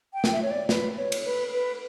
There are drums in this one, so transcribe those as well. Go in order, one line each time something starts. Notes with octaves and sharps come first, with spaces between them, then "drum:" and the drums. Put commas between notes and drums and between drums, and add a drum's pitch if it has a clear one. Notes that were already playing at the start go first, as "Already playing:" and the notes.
G5
drum: snare
E5
C#5
D5
B4, drum: snare
C#5
drum: cymbal
B4
B4